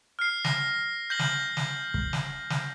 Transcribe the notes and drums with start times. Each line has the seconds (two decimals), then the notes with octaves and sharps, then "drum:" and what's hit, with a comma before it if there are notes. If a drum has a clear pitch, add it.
0.19 F6 C7
0.45 A#6, drum: snare
1.10 G6 A#6 F#7
1.19 drum: snare
1.57 drum: snare
1.94 drum: kick
2.13 drum: snare
2.50 drum: snare